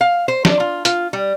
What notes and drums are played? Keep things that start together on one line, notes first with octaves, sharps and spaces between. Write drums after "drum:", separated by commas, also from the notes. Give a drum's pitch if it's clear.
F5
C5
D4, drum: snare
F4
F4, drum: hi-hat
G3